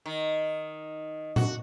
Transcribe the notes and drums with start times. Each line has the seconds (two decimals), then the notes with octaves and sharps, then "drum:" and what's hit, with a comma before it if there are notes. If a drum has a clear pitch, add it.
0.06 D#3
1.36 F#4, drum: tom A#2